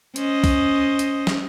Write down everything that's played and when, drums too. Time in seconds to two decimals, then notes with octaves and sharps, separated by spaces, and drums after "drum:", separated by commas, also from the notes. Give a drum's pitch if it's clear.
0.16 C#4 C5 D#5, drum: hi-hat
0.44 drum: kick C2, open hi-hat
0.99 drum: hi-hat
1.27 drum: snare